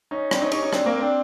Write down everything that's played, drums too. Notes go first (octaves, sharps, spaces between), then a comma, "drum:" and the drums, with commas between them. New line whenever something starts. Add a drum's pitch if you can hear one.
C#4 D#4
C4 D4, drum: rim click
C#4 D#4
C#4 D#4, drum: cymbal
C#4 D#4
C4 D4, drum: rim click
A#3 C4
C4 D4